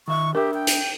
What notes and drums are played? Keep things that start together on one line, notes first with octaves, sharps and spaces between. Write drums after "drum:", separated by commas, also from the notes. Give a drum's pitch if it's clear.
D#3 E5 C#6
D4 G4 A#4 E5
G5
drum: hi-hat